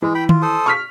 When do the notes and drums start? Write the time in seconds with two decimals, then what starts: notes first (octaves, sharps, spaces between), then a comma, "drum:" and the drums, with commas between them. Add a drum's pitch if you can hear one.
0.02 E3 G#3
0.15 G5 B5
0.29 F4, drum: tom D#3
0.42 A4 C5 D#6
0.66 C#6 F6 B6